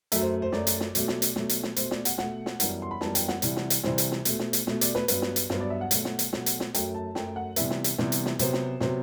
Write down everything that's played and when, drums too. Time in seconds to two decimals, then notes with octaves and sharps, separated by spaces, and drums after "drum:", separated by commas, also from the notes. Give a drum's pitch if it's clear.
0.12 F#2 F#3 A3 E5, drum: hi-hat
0.22 C5
0.42 C5
0.52 F#2 F#3 A3 D5, drum: snare
0.67 drum: hi-hat
0.80 drum: snare
0.95 B2 F#3 A3, drum: hi-hat
1.08 drum: snare
1.22 drum: hi-hat
1.36 B2 F#3 A3, drum: snare
1.49 drum: hi-hat
1.63 drum: snare
1.76 B2 A3 C5, drum: hi-hat
1.91 D5, drum: snare
2.05 F#5, drum: hi-hat
2.18 B2 A3 F#5, drum: snare
2.46 drum: snare
2.60 F#2 E3 G3 B3 F#5, drum: hi-hat
2.82 C6
2.91 B5
3.01 F#2 E3 G3 B3 A5, drum: snare
3.15 G5, drum: hi-hat
3.28 F#5, drum: snare
3.42 C3 E3 G3, drum: hi-hat
3.56 drum: snare
3.70 drum: hi-hat
3.83 C3 E3 G3 C5, drum: snare
3.98 drum: hi-hat
4.12 drum: snare
4.25 B2 A3, drum: hi-hat
4.39 drum: snare
4.53 drum: hi-hat
4.67 B2 A3, drum: snare
4.81 D5, drum: hi-hat
4.95 B4, drum: snare
5.08 G2 F#3 B3 B4, drum: hi-hat
5.22 drum: snare
5.36 drum: hi-hat
5.50 G2 F#3 B3 C5, drum: snare
5.60 D5
5.70 E5
5.81 F#5
5.91 B2 F#3 A3, drum: hi-hat
6.05 drum: snare
6.19 drum: hi-hat
6.33 B2 F#3 A3, drum: snare
6.46 drum: hi-hat
6.60 drum: snare
6.74 F#2 F#3 A3 G5, drum: hi-hat
6.94 A5
7.15 F#2 F#3 A3 G5, drum: snare
7.36 F#5
7.56 C3 E3 G3 B3 E5, drum: hi-hat
7.71 drum: snare
7.84 drum: hi-hat
7.98 C3 E3 G3 B3, drum: snare
8.12 drum: hi-hat
8.26 drum: snare
8.39 C3 F#3 B3 C5, drum: hi-hat
8.53 drum: snare
8.80 C3 F#3 B3 C5, drum: snare